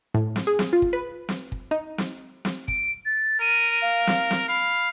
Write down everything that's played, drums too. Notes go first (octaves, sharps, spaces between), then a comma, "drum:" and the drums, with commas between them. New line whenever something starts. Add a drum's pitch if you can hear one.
A2
drum: snare
G#4
drum: snare
F4
drum: kick
B4
drum: snare
drum: kick
D#4
drum: snare
drum: snare
D7, drum: kick
A6
A#4 D#7
F5
drum: snare
drum: snare
F5 B5